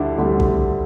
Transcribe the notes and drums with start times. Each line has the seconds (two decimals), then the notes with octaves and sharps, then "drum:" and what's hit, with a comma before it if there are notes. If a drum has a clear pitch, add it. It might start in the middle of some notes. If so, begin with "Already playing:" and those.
Already playing: D2 D3 G3 D4 E4
0.18 D2 D3 G3
0.40 drum: kick A#1